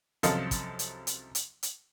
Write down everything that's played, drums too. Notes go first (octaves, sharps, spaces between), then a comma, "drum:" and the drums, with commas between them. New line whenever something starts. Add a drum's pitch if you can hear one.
C2 F#2 F3 A4 D#5 F5, drum: hi-hat
drum: kick, hi-hat
drum: hi-hat
drum: hi-hat
drum: hi-hat
drum: hi-hat